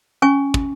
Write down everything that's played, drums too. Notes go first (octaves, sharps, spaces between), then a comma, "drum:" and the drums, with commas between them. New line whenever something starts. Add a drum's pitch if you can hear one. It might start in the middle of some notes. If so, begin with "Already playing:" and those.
C#4 G#5 C#6
drum: kick